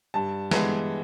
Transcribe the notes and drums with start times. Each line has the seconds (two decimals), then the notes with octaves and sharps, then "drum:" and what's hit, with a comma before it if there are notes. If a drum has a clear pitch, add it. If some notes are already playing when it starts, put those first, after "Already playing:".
0.14 G2 A5
0.51 E3 G#3 B3, drum: snare